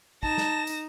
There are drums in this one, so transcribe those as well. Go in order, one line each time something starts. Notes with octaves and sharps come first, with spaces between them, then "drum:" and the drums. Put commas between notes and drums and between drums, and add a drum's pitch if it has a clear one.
D#4 A5 A#6 E7, drum: kick
drum: snare
drum: tambourine